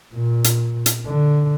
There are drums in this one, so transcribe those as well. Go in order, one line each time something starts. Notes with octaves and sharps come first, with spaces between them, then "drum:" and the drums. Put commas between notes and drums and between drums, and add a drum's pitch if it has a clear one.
A#2
drum: hi-hat
drum: hi-hat
D3